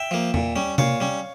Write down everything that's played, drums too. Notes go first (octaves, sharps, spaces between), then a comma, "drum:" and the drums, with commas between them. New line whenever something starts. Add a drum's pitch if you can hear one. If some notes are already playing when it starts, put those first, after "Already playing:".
Already playing: E5 G5
F3 A#3
A#2, drum: tom E2
G3 C#4
A#2 C#5 F5, drum: tom C3
G3 C#4